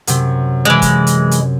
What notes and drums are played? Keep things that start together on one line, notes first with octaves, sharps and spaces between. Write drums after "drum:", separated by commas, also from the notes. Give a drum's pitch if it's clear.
F#2 C3, drum: hi-hat
E3 G#3
drum: kick, hi-hat
drum: hi-hat
drum: hi-hat